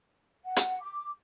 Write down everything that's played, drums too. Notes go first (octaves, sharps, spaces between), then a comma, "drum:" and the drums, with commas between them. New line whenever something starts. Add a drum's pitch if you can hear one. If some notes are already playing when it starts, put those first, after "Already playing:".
F#5
drum: hi-hat
D6